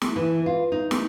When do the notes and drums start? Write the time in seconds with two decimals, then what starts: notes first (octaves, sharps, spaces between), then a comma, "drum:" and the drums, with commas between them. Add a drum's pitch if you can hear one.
0.02 drum: snare
0.16 E3
0.46 F4
0.72 D#4
0.91 drum: snare